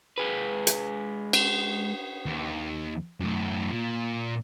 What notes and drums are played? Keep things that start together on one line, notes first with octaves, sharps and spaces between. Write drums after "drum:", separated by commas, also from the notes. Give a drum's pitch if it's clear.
G#3 B4
drum: hi-hat
drum: cymbal
D#2
F#2 A3
A#2